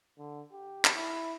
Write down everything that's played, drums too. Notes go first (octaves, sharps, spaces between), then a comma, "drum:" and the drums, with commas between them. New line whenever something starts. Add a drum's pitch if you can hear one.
D3
G4
drum: clap
E4